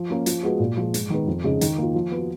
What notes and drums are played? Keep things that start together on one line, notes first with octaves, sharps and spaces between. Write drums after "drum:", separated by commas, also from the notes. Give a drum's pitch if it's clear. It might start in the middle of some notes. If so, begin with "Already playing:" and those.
Already playing: F3
A#3 C#4
F3, drum: hi-hat
G#3 B3 F#4
A#2
F3 G#3
G#2, drum: hi-hat
D#3 G#3 B3
F2
C#3 G#3 D#4
D#3, drum: hi-hat
A#3 F4
F3
B3 F#4